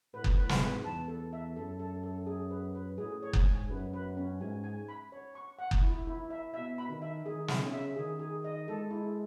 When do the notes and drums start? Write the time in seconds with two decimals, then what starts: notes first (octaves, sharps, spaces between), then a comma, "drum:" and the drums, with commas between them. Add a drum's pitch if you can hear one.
0.14 A2 B4
0.24 drum: kick F#1
0.37 B4
0.49 G#2, drum: snare
0.60 B4
0.84 E2 A5
1.08 A4
1.33 E5
1.56 F#2 A4
1.79 A4
2.03 A4
2.26 G#4
2.51 B4
2.75 B4
2.98 A2 G#4
3.23 C#5
3.33 G#2, drum: kick F#1
3.46 G#5
3.70 F#2 B4
3.93 B4
4.17 C#4
4.40 G#2 G#5
4.64 G#5
4.89 B5
5.12 C#5
5.35 C#6
5.59 F#5
5.71 drum: kick F#1
5.83 E4
6.07 E4
6.30 E5
6.54 B2 E5
6.78 B5
6.89 D#3
7.02 E5
7.25 D#3 G#4
7.48 E5, drum: snare
7.61 C#3
7.73 E5
7.96 D#3 G#4
8.19 G#4
8.44 D#5
8.68 G#3 A4
8.91 E4